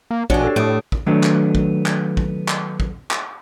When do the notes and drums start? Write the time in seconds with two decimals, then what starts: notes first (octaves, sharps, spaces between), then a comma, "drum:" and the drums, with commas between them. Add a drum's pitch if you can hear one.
0.11 A#3
0.30 A#1 B2 D4 G#4 C#5, drum: kick
0.43 G4 A4
0.56 A2 A3 D#6 D7
0.92 drum: kick
1.07 D#3 F#3 A3 B3 D4
1.23 drum: clap
1.55 drum: kick
1.86 drum: clap
2.17 drum: kick
2.48 drum: clap
2.80 drum: kick
3.11 drum: clap